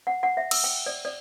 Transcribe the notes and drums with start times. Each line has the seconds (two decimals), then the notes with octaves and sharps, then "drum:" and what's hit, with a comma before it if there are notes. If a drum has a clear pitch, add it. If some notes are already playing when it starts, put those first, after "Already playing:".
0.07 F#5
0.23 F#5
0.37 E5
0.51 E6, drum: cymbal
0.64 G5
0.86 D5
1.05 D5